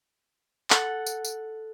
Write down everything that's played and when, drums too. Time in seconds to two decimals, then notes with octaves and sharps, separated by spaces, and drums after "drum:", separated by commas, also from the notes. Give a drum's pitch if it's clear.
0.70 A4 F#5, drum: clap
1.06 drum: tambourine
1.25 drum: tambourine